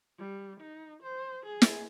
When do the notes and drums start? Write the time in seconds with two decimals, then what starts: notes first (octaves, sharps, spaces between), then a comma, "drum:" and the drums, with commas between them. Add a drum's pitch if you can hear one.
0.18 G3
0.61 D#4
1.03 C5
1.46 G#4
1.62 drum: snare